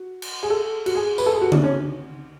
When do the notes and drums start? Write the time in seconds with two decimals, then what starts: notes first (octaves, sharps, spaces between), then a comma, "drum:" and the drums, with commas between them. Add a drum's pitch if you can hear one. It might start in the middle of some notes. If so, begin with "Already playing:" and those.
Already playing: F#4
0.22 drum: cymbal
0.43 G#4
0.50 A4
0.86 F#4, drum: cymbal
0.95 G#4
1.18 B4, drum: tambourine
1.26 A4
1.33 G#4
1.41 F#4
1.52 D4, drum: tom
1.64 C#4